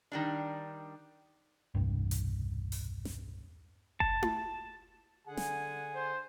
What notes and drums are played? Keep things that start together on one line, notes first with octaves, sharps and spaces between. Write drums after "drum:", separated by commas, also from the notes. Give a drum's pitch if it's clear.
D#3 G3 D4
E1 C2 G2
drum: hi-hat
drum: open hi-hat
drum: snare
A5, drum: kick F#1
drum: tom E4
D3 G#4 F#5 G#5
drum: snare
C5